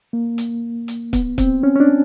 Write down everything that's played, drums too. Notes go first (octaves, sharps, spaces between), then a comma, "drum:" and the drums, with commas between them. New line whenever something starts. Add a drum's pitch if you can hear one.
A#3
drum: hi-hat
drum: hi-hat
B3, drum: kick, hi-hat
C4, drum: kick, hi-hat
C#4
C#4
D4